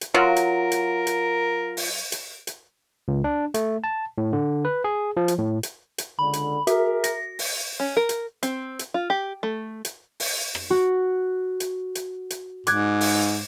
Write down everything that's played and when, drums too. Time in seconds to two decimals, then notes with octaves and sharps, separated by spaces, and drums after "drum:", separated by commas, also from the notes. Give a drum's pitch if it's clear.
0.01 drum: hi-hat
0.14 F#3 F4 A#4
0.36 drum: hi-hat
0.72 drum: hi-hat
1.07 drum: hi-hat
1.77 drum: open hi-hat
2.12 drum: hi-hat
2.47 drum: hi-hat
3.08 C#2
3.24 D4
3.54 A3, drum: hi-hat
3.84 A5
4.18 A2
4.33 D3
4.65 B4
4.84 G#4
5.17 F3
5.28 drum: hi-hat
5.38 A2
5.63 drum: hi-hat
5.98 drum: hi-hat
6.19 C#2 D3 B5
6.33 drum: hi-hat
6.67 F#4 G#4 A#4 E5, drum: hi-hat
7.04 A#6, drum: hi-hat
7.39 drum: open hi-hat
7.80 C#4
7.97 A#4
8.09 drum: hi-hat
8.43 C4, drum: hi-hat
8.79 drum: hi-hat
8.94 F4
9.10 G4
9.43 A3
9.85 drum: hi-hat
10.20 drum: open hi-hat
10.55 drum: rim click
10.70 F#4
11.60 drum: hi-hat
11.95 drum: hi-hat
12.30 drum: hi-hat
12.67 G#2 D6 F#6 G#6, drum: hi-hat
13.01 drum: open hi-hat